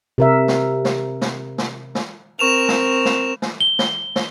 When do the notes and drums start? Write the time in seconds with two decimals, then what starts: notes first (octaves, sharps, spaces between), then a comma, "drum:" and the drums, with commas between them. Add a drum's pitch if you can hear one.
0.18 C3 A#4 E5
0.48 drum: snare
0.85 drum: snare
1.22 drum: snare
1.58 drum: snare
1.95 drum: snare
2.39 C4 A#4 C#6 E7 F7
2.69 drum: snare
3.05 drum: snare
3.42 drum: snare
3.61 G7
3.79 drum: snare
4.16 drum: snare